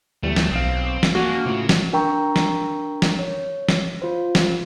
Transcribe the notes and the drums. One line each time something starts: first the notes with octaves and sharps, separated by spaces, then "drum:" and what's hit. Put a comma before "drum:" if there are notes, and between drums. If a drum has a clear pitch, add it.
D2 E3 G3 A3 B3
drum: snare
B1 C4 F5 D#6
drum: snare
A#3 D4 F#4 G#5
A2 C#3 F3 F4
drum: snare
D4 A#4 G5 A#5 C#6
drum: snare
drum: snare
C#5
drum: snare
F4 C5
drum: snare